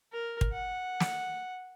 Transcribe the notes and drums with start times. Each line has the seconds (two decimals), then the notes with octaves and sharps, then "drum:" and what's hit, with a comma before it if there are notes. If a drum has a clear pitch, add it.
0.12 A#4
0.41 drum: kick
0.52 F#5
1.00 drum: snare